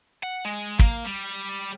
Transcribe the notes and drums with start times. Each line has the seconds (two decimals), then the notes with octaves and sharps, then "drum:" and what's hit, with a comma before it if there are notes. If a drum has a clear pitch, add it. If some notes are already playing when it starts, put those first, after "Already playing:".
0.23 F#5
0.45 G#3
0.79 A#3, drum: kick
1.04 G3